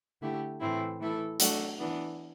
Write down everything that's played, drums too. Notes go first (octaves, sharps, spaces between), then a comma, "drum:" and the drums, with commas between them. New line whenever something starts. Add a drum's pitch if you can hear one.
D3 A3 E4 G4
A2 E3 A3 C4 E4
E3 A3 E4 A4
F#3 A3 D4 F#4, drum: hi-hat
E3 B3 D4